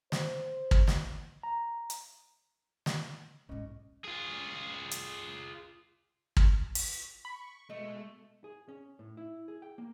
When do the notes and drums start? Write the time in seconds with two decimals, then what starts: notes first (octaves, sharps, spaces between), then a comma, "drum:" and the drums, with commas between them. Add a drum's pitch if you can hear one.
0.12 C5, drum: snare
0.71 drum: kick
0.87 drum: snare
1.43 A#5
1.90 drum: hi-hat
2.86 drum: snare
3.49 B1 G#2 C#4 D#5
4.04 F4 G#4
4.91 drum: hi-hat
6.37 drum: kick
6.75 drum: open hi-hat
7.25 B5 C#6
7.70 B2 G#3 A3 D#5
8.44 G#4
8.69 C#4
8.99 A2
9.17 E4
9.48 G#4
9.62 G5
9.78 A#3